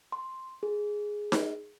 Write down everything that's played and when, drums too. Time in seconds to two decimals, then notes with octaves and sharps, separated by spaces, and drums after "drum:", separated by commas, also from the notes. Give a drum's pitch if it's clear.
0.12 C6
0.63 G#4
1.32 drum: snare D#4